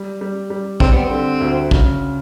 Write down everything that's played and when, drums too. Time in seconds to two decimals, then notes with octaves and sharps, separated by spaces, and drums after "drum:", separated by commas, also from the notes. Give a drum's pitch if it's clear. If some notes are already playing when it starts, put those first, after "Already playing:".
Already playing: G3
0.21 G3
0.50 G3
0.80 G3 C4, drum: kick
0.92 B3
1.04 C4
1.11 D3
1.41 D2
1.71 C#3, drum: kick